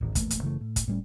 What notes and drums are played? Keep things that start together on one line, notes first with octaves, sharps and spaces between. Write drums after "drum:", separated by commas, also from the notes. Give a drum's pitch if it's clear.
D1 G#1
D#1 A1 A3 A#3, drum: kick, hi-hat
drum: hi-hat
F#1 C#3 E3 A3
A2
drum: kick, hi-hat
A2 G3 C#4